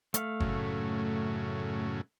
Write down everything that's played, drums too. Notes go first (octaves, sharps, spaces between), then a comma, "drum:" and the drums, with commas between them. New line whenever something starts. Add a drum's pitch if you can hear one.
A3 F5, drum: hi-hat
F#2 A2 C#3, drum: kick F#1